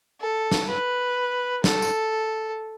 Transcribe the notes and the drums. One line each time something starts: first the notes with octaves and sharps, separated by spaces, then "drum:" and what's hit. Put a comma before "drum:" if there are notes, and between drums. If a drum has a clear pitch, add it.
A4
drum: snare
B4
A4, drum: snare
drum: tambourine